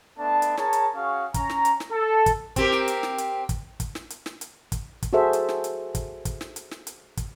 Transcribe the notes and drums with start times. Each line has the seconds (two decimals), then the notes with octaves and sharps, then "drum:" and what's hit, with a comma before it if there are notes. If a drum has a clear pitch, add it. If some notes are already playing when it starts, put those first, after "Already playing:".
0.19 A3 B3 D4 A5
0.42 drum: hi-hat
0.57 G#4 A#4 C#5 A5, drum: snare
0.73 drum: hi-hat
0.95 C#4 F#4 G#4 F5 C#6
1.34 C#4 A#5, drum: kick, hi-hat
1.50 drum: snare
1.65 drum: hi-hat
1.80 drum: snare
1.91 A4
2.26 drum: kick, hi-hat
2.56 C4 G4 A#4, drum: kick, hi-hat
2.72 drum: snare
2.88 drum: hi-hat
3.03 drum: snare
3.18 drum: hi-hat
3.49 drum: kick, hi-hat
3.80 drum: kick, hi-hat
3.95 drum: snare
4.10 drum: hi-hat
4.26 drum: snare
4.41 drum: hi-hat
4.72 drum: kick, hi-hat
5.03 drum: kick, hi-hat
5.13 F#4 G#4 A4 C5 E5
5.33 drum: hi-hat
5.49 drum: snare
5.64 drum: hi-hat
5.95 drum: kick, hi-hat
6.25 drum: kick, hi-hat
6.41 drum: snare
6.56 drum: hi-hat
6.71 drum: snare
6.87 drum: hi-hat
7.17 drum: kick, hi-hat